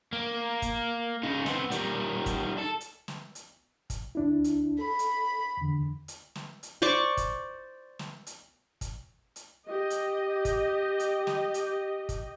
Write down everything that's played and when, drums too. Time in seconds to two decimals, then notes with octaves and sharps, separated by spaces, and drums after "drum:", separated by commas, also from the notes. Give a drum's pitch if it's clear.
0.13 A#3
0.62 drum: kick, hi-hat
1.23 C#3 D#4
1.46 B3 C4, drum: snare
1.71 D#3 G3, drum: hi-hat
2.26 drum: kick, hi-hat
2.58 A4
2.81 drum: hi-hat
3.08 drum: snare
3.35 drum: hi-hat
3.90 drum: kick, hi-hat
4.15 D2 D4 E4
4.44 drum: hi-hat
4.79 A4 B5
4.99 drum: hi-hat
5.57 E2 D3
6.08 drum: hi-hat
6.35 drum: snare
6.63 drum: hi-hat
6.82 C5 D5 C#6 D6
7.17 drum: kick, hi-hat
7.99 drum: snare
8.27 drum: hi-hat
8.81 drum: kick, hi-hat
9.36 drum: hi-hat
9.66 G4 D#5
9.90 drum: hi-hat
10.45 drum: kick, hi-hat
11.00 drum: hi-hat
11.27 drum: snare
11.54 drum: hi-hat
12.09 drum: kick, hi-hat